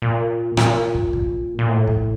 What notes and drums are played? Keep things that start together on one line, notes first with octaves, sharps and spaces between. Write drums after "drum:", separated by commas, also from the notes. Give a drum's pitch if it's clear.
A#2
A#2, drum: rim click
drum: kick
drum: kick
A#2
A2
drum: kick